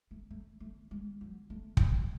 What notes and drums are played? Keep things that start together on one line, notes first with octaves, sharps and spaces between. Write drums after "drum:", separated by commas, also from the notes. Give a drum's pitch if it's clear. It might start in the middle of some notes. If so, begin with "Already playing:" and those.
A3
A3
A3
G#3
F#3
A3
drum: kick